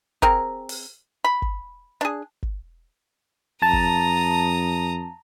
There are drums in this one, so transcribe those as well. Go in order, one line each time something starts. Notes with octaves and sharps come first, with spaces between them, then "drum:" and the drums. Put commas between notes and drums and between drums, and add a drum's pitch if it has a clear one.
C4 G#4 A#4, drum: kick G1
drum: open hi-hat
B5
drum: kick G1
D4 G#4
drum: kick G1
F2 A5 A#5 D#6
drum: kick G1